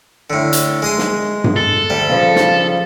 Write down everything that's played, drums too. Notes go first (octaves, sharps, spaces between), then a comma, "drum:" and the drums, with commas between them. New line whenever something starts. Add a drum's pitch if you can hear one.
A2 D3
drum: hi-hat
G#3 D#5 C6
drum: snare
drum: tom G2
A4
D2 G3
C#3 F3
drum: snare